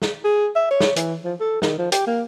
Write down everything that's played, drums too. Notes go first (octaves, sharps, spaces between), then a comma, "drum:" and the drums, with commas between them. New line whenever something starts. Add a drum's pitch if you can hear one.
drum: snare
G#4
E5
C#5
drum: snare
E3, drum: hi-hat
F3
A4
D#3, drum: snare
F3
G4, drum: hi-hat
A#3